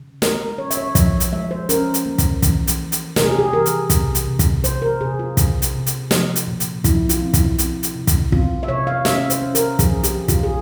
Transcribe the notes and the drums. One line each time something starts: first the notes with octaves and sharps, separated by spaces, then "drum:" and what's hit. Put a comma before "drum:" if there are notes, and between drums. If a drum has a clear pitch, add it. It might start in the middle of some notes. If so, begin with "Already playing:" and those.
Already playing: C#3
G#3 A#4, drum: snare
A#4
C#4 C#5
E5, drum: hi-hat
C#5
F3 E5, drum: kick, hi-hat
drum: hi-hat
G#3 E5
C5
C#4 A#4, drum: hi-hat
drum: hi-hat
A#3
drum: kick, hi-hat
E3, drum: kick, hi-hat
drum: hi-hat
A#3
drum: hi-hat
C3 A#4, drum: snare
G#4
G4
G#4
E3 A#4
drum: hi-hat
C3, drum: kick, hi-hat
drum: hi-hat
C3
drum: kick, hi-hat
C3 C5, drum: hi-hat
A#4
C3 G#4
F4
C3, drum: kick, hi-hat
drum: hi-hat
C3
drum: hi-hat
F3, drum: snare
drum: hi-hat
A#2
drum: hi-hat
F3 E4, drum: kick, hi-hat
F4, drum: hi-hat
C4
E4, drum: kick, hi-hat
C4, drum: hi-hat
drum: hi-hat
C3
drum: kick, hi-hat
C4 F4, drum: kick
E5
C3 C#5
F5
C#4 E5, drum: snare
C5, drum: hi-hat
C#4
A#4, drum: hi-hat
F3 G#4, drum: kick, hi-hat
G4, drum: hi-hat
C#3
F4, drum: kick, hi-hat
G#4